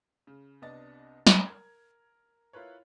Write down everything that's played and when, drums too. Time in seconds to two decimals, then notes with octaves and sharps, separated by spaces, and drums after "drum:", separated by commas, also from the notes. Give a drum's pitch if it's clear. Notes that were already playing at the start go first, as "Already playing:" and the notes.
0.27 C#3
0.62 C2 C3 B3 D4 D#5 A6
1.27 drum: snare
1.46 A#4 G#6
2.53 E4 F4 A#4 B4 C#5